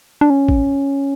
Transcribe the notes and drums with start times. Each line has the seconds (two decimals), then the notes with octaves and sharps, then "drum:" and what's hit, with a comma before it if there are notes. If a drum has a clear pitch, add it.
0.21 D4
0.30 C#4
0.48 drum: kick